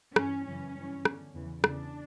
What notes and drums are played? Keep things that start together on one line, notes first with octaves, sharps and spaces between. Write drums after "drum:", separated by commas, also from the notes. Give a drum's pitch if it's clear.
G2 E3 C#4, drum: rim click
F#2 C#3 E3 C#4
G2 E3
E2 D3, drum: rim click
E2 C#3 E3
E2 C#3 E3 D4, drum: rim click